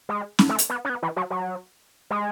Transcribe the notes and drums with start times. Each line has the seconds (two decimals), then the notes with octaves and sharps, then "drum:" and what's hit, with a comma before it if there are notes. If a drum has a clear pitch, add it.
0.09 G#3
0.39 drum: snare
0.49 A3
0.59 drum: hi-hat
0.70 B3
0.85 C#4
0.90 B3
1.03 E3
1.16 F#3
1.30 F#3
2.11 G#3